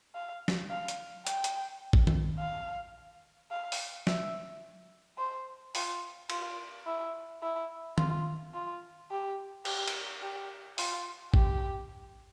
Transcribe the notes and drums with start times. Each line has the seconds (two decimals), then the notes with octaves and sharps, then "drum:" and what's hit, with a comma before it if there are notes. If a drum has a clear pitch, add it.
0.15 F5
0.48 drum: snare
0.70 F5
0.88 drum: hi-hat
1.27 G5, drum: hi-hat
1.44 drum: hi-hat
1.93 drum: kick A1
2.07 drum: tom D#3
2.39 F5
3.51 F5
3.72 drum: open hi-hat
4.07 E5, drum: snare
5.18 C5
5.75 F4, drum: open hi-hat
6.30 F4, drum: cymbal
6.86 E4
7.42 E4
7.98 F4, drum: tom D#3
8.54 F4
9.10 G4
9.65 G4, drum: cymbal
9.88 drum: cymbal
10.22 G4
10.78 F4, drum: open hi-hat
11.34 G4, drum: kick A1